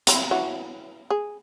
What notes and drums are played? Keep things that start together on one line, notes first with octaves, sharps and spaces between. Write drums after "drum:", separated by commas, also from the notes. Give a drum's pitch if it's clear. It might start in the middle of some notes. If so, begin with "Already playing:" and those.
C4 E4, drum: hi-hat
E3 F#3 F#4
G#4